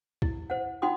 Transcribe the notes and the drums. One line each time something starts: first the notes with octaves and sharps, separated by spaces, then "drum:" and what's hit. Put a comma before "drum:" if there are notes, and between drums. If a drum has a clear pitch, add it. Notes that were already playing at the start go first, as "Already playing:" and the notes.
E4, drum: kick
C5 F#5
D#4 F4 F#5 G5 C6 D#6